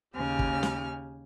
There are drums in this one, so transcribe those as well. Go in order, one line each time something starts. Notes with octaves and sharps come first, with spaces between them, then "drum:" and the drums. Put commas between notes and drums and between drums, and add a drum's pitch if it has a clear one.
D#2 C#3 G4 G#5 F6
drum: kick
drum: snare